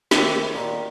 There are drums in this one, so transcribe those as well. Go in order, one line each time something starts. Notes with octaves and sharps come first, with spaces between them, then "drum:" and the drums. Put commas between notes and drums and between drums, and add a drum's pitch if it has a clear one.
D#2 C3 E3 A3, drum: snare
A#2 D#3